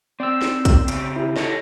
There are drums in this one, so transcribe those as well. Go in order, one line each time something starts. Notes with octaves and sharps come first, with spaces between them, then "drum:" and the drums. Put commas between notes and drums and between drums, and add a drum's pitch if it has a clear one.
C4 D5 G5 E6
drum: snare
drum: kick, hi-hat
C#3 C4, drum: hi-hat
E4 G4
A4 C#5 D#5, drum: snare